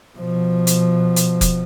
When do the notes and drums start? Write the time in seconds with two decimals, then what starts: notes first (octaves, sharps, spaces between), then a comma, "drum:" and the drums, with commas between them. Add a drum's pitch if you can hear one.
0.17 B2 F3
0.67 drum: hi-hat
1.16 drum: hi-hat
1.41 drum: kick F1, hi-hat